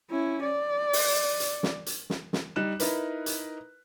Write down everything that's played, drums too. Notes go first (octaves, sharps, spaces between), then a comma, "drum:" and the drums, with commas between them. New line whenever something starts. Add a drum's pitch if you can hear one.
C#4 E4
D5
drum: open hi-hat
drum: hi-hat
drum: snare
drum: hi-hat
drum: snare
drum: snare
G3 D#4 F#6 E7
D#4 E4 A#4 B4, drum: hi-hat
drum: hi-hat